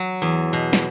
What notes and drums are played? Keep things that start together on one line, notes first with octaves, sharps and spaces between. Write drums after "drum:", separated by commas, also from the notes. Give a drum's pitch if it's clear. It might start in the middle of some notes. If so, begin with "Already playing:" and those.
Already playing: F#3
E2
B2
drum: snare